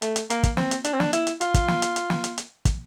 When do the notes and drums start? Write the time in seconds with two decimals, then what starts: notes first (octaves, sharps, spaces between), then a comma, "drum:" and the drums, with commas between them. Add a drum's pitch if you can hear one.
0.02 A3, drum: hi-hat
0.16 drum: hi-hat
0.30 A#3, drum: hi-hat
0.43 drum: kick, hi-hat
0.57 C4, drum: snare
0.71 drum: hi-hat
0.84 D4, drum: hi-hat
0.93 C4
1.00 D4, drum: snare
1.13 E4, drum: hi-hat
1.27 drum: hi-hat
1.41 F4, drum: hi-hat
1.54 drum: kick, hi-hat
1.68 drum: snare
1.82 drum: hi-hat
1.96 drum: hi-hat
2.10 drum: snare
2.24 drum: hi-hat
2.38 drum: hi-hat
2.65 drum: kick, hi-hat